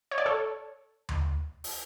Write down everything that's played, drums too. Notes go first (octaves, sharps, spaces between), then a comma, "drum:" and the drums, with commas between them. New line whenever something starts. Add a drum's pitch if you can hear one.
C#5
D5
A4 C#5
drum: tom D2
drum: open hi-hat